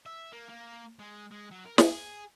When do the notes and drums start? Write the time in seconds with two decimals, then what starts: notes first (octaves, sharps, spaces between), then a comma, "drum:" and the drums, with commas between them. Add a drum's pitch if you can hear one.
0.06 E5
0.32 A#3
0.49 A#3
0.99 G#3
1.32 G#3
1.52 F#3
1.66 A#4
1.78 G#4, drum: snare
1.91 G#4